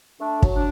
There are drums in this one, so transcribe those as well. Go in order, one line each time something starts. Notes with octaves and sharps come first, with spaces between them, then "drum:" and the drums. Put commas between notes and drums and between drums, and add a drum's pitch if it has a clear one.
A3 D4
F#3, drum: kick
D4